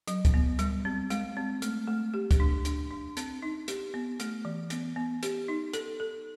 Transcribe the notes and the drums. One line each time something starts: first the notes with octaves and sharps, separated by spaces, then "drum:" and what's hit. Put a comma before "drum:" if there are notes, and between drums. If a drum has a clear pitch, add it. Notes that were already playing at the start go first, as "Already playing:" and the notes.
F#3, drum: hi-hat
drum: kick C#2, hi-hat
B3
G3, drum: hi-hat
C4
G#3, drum: hi-hat
C4
A3, drum: hi-hat
A3
G4
drum: kick C#2, hi-hat
D4
D4, drum: hi-hat
D4
C4, drum: hi-hat
D#4
G4, drum: hi-hat
B3
A3, drum: hi-hat
E3
B3, drum: hi-hat
B3
G4, drum: hi-hat
D#4
A4, drum: hi-hat
A4